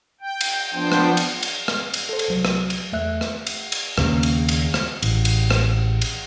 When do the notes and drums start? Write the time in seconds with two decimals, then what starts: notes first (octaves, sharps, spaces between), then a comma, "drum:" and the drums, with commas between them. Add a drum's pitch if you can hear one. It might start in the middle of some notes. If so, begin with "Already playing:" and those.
0.21 G5
0.41 drum: cymbal
0.74 F3 B3 D4 C5 G5
0.92 drum: rim click
1.17 drum: cymbal
1.43 drum: cymbal
1.68 drum: rim click
1.94 drum: cymbal
2.09 A4 C5
2.19 drum: cymbal
2.28 C2 F#3
2.45 drum: rim click
2.70 drum: cymbal
2.92 E2 A3 E5 F#6
3.21 drum: rim click
3.47 drum: cymbal
3.72 drum: cymbal
3.98 D#2 C#3 A#3, drum: rim click
4.23 drum: cymbal
4.49 drum: cymbal
4.74 drum: rim click
5.03 A1, drum: cymbal
5.25 drum: cymbal
5.51 drum: rim click
6.01 drum: cymbal